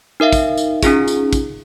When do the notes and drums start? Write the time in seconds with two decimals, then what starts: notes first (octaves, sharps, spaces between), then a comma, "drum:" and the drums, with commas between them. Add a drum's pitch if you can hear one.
0.20 D#4 A#4 E5 F5
0.33 drum: kick, tambourine
0.58 drum: tambourine
0.83 C#4 D#4 F4 G#4, drum: kick, tambourine
1.08 drum: tambourine
1.33 drum: kick, tambourine